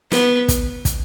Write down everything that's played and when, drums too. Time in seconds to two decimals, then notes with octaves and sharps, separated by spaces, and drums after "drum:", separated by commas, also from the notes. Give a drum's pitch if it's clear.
0.12 B3, drum: snare
0.48 drum: kick, hi-hat
0.85 drum: kick, hi-hat